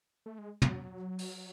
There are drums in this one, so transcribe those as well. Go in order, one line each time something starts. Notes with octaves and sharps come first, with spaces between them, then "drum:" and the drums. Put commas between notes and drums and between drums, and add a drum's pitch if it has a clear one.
A3
G#3
F#3, drum: tom
drum: open hi-hat